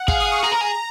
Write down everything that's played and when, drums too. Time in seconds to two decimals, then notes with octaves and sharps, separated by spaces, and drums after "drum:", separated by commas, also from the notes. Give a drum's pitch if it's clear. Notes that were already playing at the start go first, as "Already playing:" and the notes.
Already playing: F#5
0.08 G#4 F5, drum: kick
0.20 D#6
0.32 C#6
0.43 G#4 A#5
0.52 A#4
0.61 G#4